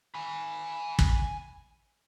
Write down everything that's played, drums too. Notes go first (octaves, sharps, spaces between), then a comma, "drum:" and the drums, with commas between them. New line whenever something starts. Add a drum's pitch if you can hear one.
G#5 B5
drum: kick